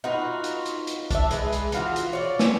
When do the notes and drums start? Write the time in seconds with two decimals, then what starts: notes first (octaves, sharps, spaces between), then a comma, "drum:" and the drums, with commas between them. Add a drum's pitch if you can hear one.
0.04 D#4 F4 F#4 B4
0.44 drum: hi-hat
0.66 drum: hi-hat
0.87 drum: hi-hat
1.11 D4 E5, drum: kick, hi-hat
1.31 G#3 B4, drum: hi-hat
1.52 drum: hi-hat
1.72 E3 F4 F#4, drum: hi-hat
1.96 drum: hi-hat
2.13 C#5 D5
2.39 drum: snare